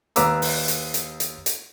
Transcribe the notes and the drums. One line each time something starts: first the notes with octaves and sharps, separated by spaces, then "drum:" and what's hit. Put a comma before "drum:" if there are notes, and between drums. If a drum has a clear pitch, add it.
D#2 B4 A#5 D6 E6, drum: hi-hat
drum: open hi-hat
drum: hi-hat
drum: hi-hat
drum: hi-hat
drum: hi-hat